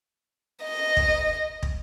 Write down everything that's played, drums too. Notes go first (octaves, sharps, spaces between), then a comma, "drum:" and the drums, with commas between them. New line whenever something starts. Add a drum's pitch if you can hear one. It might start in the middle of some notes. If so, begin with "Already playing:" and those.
D#5
drum: kick
drum: kick